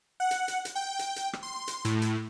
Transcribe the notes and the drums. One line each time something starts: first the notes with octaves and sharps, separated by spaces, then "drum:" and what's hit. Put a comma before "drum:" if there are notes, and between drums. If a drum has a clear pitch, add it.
F#5
drum: hi-hat
drum: hi-hat
drum: hi-hat
G5
drum: hi-hat
drum: hi-hat
drum: rim click
C6
drum: hi-hat
A2, drum: hi-hat
drum: hi-hat